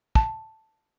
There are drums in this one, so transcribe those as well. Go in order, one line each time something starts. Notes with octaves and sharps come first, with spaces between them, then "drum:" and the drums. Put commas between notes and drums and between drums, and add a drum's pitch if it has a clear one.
A5, drum: kick